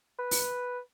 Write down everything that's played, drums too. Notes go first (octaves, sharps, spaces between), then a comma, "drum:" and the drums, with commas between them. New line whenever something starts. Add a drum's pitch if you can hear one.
B4
drum: open hi-hat